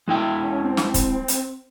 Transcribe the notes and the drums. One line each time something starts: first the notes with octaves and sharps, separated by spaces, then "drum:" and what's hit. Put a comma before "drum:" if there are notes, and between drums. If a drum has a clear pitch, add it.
G#3 E4 G5
C#4
C4
drum: snare
drum: kick, hi-hat
drum: hi-hat